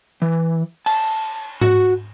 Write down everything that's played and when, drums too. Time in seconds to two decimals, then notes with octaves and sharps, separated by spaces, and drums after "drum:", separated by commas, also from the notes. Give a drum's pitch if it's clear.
0.22 E3
0.86 A5, drum: cymbal
1.61 F#4, drum: tom G#2